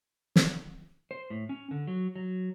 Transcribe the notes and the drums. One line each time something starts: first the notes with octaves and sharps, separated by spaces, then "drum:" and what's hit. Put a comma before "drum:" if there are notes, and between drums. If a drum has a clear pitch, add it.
drum: snare
C5
A2
C#4
D3
F#3
F#3